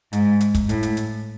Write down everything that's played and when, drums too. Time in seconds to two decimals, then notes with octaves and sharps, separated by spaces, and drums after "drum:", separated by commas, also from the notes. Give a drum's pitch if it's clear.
0.13 G#2, drum: hi-hat
0.40 drum: hi-hat
0.55 drum: kick, hi-hat
0.69 A2, drum: hi-hat
0.83 drum: hi-hat
0.97 drum: hi-hat